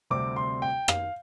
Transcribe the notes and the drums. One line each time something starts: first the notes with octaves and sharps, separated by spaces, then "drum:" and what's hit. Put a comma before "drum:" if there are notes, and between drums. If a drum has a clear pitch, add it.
D2 C3 G3 C4 D6
C6
G5
F5, drum: rim click